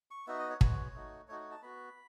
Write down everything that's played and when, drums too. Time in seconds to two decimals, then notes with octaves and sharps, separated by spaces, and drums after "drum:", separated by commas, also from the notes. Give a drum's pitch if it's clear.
0.11 C#6
0.27 B3 D#4 F#4 E5
0.39 D#5
0.50 C#5
0.61 G#3 B3 F#4 C#5, drum: kick
0.94 A3 D#4 F#4
1.28 A3 D#4 F#4 C#5
1.40 C#5
1.51 A5
1.62 B3 F#4 B5